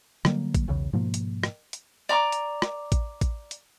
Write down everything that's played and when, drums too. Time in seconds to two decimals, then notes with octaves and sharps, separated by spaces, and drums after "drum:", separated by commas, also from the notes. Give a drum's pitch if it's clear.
0.25 D3 F#3 G3 A#3, drum: rim click
0.55 drum: kick A1, hi-hat
0.68 B1 E2 C#3
0.93 G#2 B2 F3 A#3
1.14 drum: hi-hat
1.43 drum: rim click
1.73 drum: hi-hat
2.09 D5 A#5 C#6 D6
2.32 drum: hi-hat
2.62 drum: rim click
2.92 drum: kick A1, hi-hat
3.21 drum: kick A1, hi-hat
3.51 drum: hi-hat